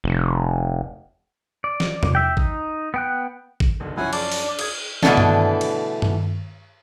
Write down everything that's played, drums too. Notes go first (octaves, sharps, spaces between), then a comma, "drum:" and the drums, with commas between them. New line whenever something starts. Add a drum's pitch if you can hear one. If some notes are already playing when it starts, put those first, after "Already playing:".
F1
D5
drum: snare
drum: tom E2
E5 G5
D#4, drum: kick A1
B3 G5 F#6
drum: kick A1
F#1 B1 D3
F#2 F3 C#4 E4 F#5 G#5
D5 A5 D6, drum: cymbal
drum: open hi-hat
D4
D#6 G#6, drum: cymbal
B2 D3 E3 A3 D4, drum: snare
drum: tom G2
drum: cymbal
drum: tom G2